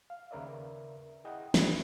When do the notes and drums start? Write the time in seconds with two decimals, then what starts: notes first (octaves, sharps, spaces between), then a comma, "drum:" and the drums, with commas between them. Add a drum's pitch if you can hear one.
0.10 F5
0.31 D#2 C#3 A#4 B4 D5 E5
1.24 E4 G#4 D#5 F#5 G5
1.54 E4, drum: snare